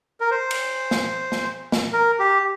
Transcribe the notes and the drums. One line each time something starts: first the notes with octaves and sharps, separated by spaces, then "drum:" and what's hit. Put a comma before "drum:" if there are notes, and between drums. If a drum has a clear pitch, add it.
A#4
C5
drum: cymbal
drum: snare
drum: snare
drum: snare
A#4
G4